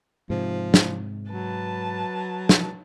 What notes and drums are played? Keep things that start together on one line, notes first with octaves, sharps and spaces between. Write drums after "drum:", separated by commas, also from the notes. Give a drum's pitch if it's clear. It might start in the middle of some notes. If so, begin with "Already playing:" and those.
G#2 C3 F3
drum: snare
F#3 B4 A5
drum: snare